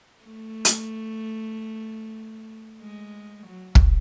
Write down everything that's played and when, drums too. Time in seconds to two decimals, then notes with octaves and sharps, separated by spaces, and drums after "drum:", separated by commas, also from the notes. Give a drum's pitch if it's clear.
0.25 A3
0.65 drum: hi-hat
2.82 G#3
3.47 F#3
3.75 drum: kick